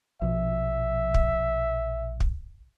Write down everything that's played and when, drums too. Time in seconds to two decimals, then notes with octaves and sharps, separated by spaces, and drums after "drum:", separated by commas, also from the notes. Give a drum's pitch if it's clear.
0.22 A#1 B2 F3 E5
1.14 drum: kick
2.20 drum: kick